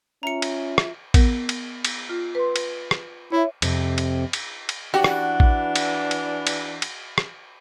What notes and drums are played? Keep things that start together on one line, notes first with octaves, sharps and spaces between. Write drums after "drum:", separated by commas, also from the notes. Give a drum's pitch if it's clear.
C#4 F4 E5 A#5 C#7
drum: cymbal
drum: rim click
B3 A#4, drum: kick, cymbal
drum: cymbal
drum: cymbal
F4
B4 C6
drum: cymbal
drum: rim click
E4 C#5 E5
F2 C3, drum: cymbal
drum: cymbal
drum: cymbal
drum: cymbal
E3 D4 F#4 G4
drum: rim click
drum: kick
drum: cymbal
drum: cymbal
drum: cymbal
drum: cymbal
drum: rim click